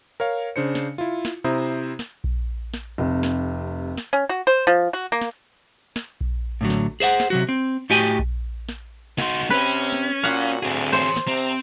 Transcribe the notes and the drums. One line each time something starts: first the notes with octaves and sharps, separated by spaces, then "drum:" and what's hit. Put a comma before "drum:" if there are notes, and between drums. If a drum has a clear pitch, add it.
A#4 C#5 F5
C#3 D4 C5 C#7
drum: snare
E4 F4
drum: snare
C3 E4 C5 A#5 D#6
drum: snare
drum: kick A#1
drum: snare
F1 C3
drum: snare
drum: snare
C#4
F#4
C5
F3
F#4
A#3
drum: snare
drum: snare
drum: kick A#1
A2 D3 F#3
drum: snare
G#4 C5 E5 F#5
drum: snare
C3 F#3 F#4
C4
A2 F#4 G4 D#5 G5 G#5
drum: kick A#1
drum: snare
C#2 D#4 F#4 C6, drum: snare
C3 C4 C#4 B4
drum: snare
A#2 F#4 F5 F#5
D2 C4 G#4
E3 C5 C#5
drum: snare
C3 C4 A#5